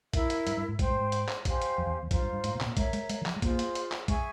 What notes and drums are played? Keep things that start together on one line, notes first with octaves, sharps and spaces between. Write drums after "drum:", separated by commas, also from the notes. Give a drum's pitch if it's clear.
E4 A#4 E5, drum: kick, hi-hat
drum: hi-hat
G2, drum: hi-hat
G2
G#2
G#2 C5 G5 C6, drum: kick, hi-hat
G#2
G#2
drum: hi-hat
drum: clap
G4 C5 F5 G#5, drum: kick, hi-hat
drum: hi-hat
F2
E2
E2
F2 F4 C5 F5 A#5, drum: kick, hi-hat
G2
G2
G#2, drum: hi-hat
A#2
C3, drum: clap
A#2
G#3 A#4 C#5 E5 A#5, drum: kick, hi-hat
G#3, drum: hi-hat
G#3, drum: hi-hat
E3
F3, drum: clap
G#3
A#3 F4 G#4 C5, drum: kick, hi-hat
drum: hi-hat
drum: hi-hat
drum: clap
G#3 G#4 E5 G#5 C#6, drum: kick, hi-hat